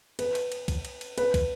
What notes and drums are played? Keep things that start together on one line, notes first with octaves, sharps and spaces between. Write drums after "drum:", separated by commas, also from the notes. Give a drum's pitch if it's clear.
B4, drum: cymbal
drum: cymbal
drum: cymbal
drum: kick, cymbal
drum: cymbal
drum: cymbal
B4, drum: cymbal
drum: kick, cymbal